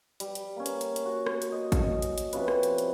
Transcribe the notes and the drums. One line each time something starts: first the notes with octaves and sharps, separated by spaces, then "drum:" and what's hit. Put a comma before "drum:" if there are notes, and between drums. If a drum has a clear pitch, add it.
G3, drum: hi-hat
drum: hi-hat
A#3 C#4
drum: hi-hat
drum: hi-hat
drum: hi-hat
F#4
drum: rim click
drum: hi-hat
D#5
drum: kick A1, hi-hat
D#5
drum: hi-hat
drum: hi-hat
C3 F3 C#4 B4, drum: hi-hat
drum: rim click
drum: hi-hat
drum: hi-hat